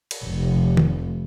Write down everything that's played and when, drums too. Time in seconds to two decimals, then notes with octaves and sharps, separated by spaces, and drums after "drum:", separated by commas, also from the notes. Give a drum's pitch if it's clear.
0.11 drum: cymbal
0.25 F1
0.77 drum: tom D#3